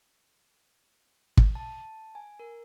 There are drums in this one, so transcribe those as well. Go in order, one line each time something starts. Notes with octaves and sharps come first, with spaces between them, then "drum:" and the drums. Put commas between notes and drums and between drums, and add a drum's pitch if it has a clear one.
drum: kick
A5
G#5
A#4